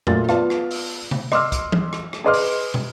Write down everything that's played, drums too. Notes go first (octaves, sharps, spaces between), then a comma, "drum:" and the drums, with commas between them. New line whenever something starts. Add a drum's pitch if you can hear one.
A#2 F#3 A3 F4 A6, drum: tom F2
B3 F4 D5 F5 A5, drum: rim click
drum: rim click
drum: open hi-hat
drum: tom C3
D#5 C6 D6 E6 F6, drum: rim click
drum: kick, hi-hat
drum: tom E3
drum: rim click
drum: rim click
G#4 B4 D#5 C6 D6 F6
drum: open hi-hat
drum: tom